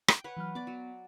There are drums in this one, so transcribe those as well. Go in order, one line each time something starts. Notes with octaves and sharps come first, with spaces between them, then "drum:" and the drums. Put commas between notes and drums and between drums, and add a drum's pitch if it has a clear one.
G5, drum: rim click
B4 C#5 F#5
E3 F#3 F6
B3 D5 D6
F#3